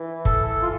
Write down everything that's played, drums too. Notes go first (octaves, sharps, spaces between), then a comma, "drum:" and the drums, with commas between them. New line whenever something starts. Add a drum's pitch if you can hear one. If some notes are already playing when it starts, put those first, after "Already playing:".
Already playing: E3
A4, drum: kick
A4
F4